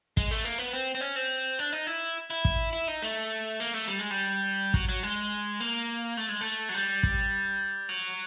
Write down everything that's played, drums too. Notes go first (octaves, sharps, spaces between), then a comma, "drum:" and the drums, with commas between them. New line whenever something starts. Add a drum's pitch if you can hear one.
G#3, drum: kick
A3
A#3
B3
C4
C4
C#4
C4
D4
D#4
E4
E4
drum: kick
E4
D#4
A3
A#3
A3
G3
G#3
G3
F#3, drum: kick
F#3
G#3
A#3
A3
G#3
A3
F#3
G3
drum: kick
F#3